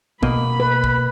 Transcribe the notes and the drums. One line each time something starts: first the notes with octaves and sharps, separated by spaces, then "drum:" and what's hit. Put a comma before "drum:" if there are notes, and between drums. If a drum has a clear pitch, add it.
B2 A#3 B3 D#5 B5, drum: kick
B4
drum: kick